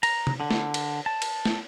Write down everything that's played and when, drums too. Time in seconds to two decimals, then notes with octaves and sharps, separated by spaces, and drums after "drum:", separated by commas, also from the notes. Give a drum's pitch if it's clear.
0.03 A#5, drum: cymbal
0.27 drum: tom
0.40 D3
0.51 drum: snare
0.74 drum: cymbal
1.06 A5
1.22 drum: cymbal
1.45 drum: snare